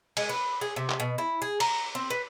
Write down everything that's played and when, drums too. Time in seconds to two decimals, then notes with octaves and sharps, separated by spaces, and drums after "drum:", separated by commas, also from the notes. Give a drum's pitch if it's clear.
0.17 G#3, drum: cymbal
0.29 B4
0.61 G#4
0.76 C3
0.89 drum: clap
1.00 B2
1.18 E4
1.42 G#4
1.60 A#5, drum: cymbal
1.95 C4
2.10 B4